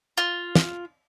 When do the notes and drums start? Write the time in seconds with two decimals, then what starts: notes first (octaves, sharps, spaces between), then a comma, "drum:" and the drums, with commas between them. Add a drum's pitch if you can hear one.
0.18 F4
0.55 drum: snare